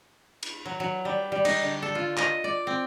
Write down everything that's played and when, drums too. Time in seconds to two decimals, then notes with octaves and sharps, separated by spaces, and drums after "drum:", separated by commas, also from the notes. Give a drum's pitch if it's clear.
0.43 drum: cymbal
0.66 F#3
0.80 F#3
1.05 G3
1.32 G3
1.45 D#4, drum: cymbal
1.62 D3
1.82 A4
1.95 F4
2.17 D#5, drum: clap
2.44 D5
2.67 C4